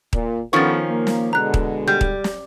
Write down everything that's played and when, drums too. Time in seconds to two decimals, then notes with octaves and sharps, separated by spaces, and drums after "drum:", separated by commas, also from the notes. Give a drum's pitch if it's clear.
0.13 A#2, drum: kick D#1
0.53 D#3 F3 B3 C#4 A4 C#6 A6
0.89 A#3
1.07 drum: snare
1.33 B2 D3 G#3 A#5 F#6
1.54 drum: kick D#1
1.88 G3 G6
2.01 drum: kick D#1
2.24 drum: snare